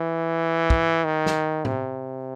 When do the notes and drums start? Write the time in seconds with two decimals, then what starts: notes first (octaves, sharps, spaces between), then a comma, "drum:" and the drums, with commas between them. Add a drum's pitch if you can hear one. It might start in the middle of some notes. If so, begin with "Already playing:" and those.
Already playing: E3
0.70 drum: kick
1.04 D#3
1.26 drum: snare
1.65 C3, drum: tom A2